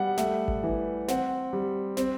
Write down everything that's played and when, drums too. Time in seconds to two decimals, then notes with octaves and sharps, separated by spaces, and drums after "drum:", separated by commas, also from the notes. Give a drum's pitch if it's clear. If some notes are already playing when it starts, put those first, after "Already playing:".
Already playing: G3 B3 F#5
0.18 A3, drum: snare
0.48 drum: kick G#1
0.63 E3
1.08 C4 F#5, drum: snare
1.53 G3
1.97 C4, drum: snare